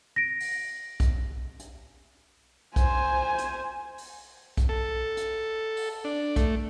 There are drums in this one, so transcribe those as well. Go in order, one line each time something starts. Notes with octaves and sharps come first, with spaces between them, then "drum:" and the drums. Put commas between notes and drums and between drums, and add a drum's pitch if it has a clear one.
A#6 D7
drum: open hi-hat
drum: kick B1, hi-hat
drum: hi-hat
C5 G#5, drum: kick B1, hi-hat
drum: hi-hat
drum: open hi-hat
drum: kick B1, hi-hat
A4
drum: hi-hat
drum: open hi-hat
D4
A3, drum: kick B1, hi-hat